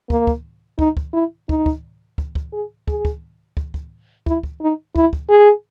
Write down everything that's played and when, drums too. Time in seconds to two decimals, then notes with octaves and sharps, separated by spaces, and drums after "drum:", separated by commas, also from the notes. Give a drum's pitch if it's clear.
0.10 A#3, drum: kick
0.27 drum: kick
0.79 D#4, drum: kick
0.97 drum: kick
1.13 E4
1.49 D#4, drum: kick
1.66 drum: kick
2.18 drum: kick
2.35 drum: kick
2.53 G#4
2.88 G#4, drum: kick
3.05 drum: kick
3.57 drum: kick
3.74 drum: kick
4.26 E4, drum: kick
4.43 drum: kick
4.61 D#4
4.96 E4, drum: kick
5.13 drum: kick
5.30 G#4